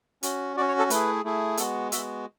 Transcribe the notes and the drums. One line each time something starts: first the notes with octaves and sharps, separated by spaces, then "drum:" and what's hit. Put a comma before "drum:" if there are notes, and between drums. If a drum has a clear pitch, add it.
C#4 F#4, drum: hi-hat
C#4 F#4 D5
C#5
A4
A3 E4 G#4 B4, drum: hi-hat
A3 E4 G#4
G#3 B3 F#4 A4, drum: hi-hat
G#3 B3 F#4 E5, drum: hi-hat